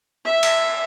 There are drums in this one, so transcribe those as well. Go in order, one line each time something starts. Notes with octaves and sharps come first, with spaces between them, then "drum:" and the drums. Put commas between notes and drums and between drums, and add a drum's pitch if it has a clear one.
E5
drum: cymbal